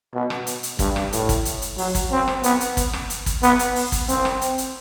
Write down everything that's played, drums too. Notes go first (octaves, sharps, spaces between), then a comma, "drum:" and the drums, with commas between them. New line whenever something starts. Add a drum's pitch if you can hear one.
B2
drum: rim click
drum: hi-hat
drum: hi-hat
G2, drum: kick, hi-hat
drum: rim click
A2, drum: hi-hat
drum: kick, hi-hat
drum: hi-hat
drum: hi-hat
F#3, drum: open hi-hat
drum: kick, hi-hat
C4
drum: rim click
B3, drum: hi-hat
drum: hi-hat
drum: kick, hi-hat
drum: rim click
drum: hi-hat
drum: kick, hi-hat
B3, drum: hi-hat
drum: hi-hat
drum: open hi-hat
drum: kick, hi-hat
C4, drum: hi-hat
drum: rim click
drum: hi-hat
drum: hi-hat